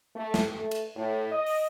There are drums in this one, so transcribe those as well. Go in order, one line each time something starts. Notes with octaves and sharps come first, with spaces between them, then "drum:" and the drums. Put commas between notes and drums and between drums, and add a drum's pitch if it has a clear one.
A3
drum: snare
A3
drum: cymbal
A2
D#5
drum: open hi-hat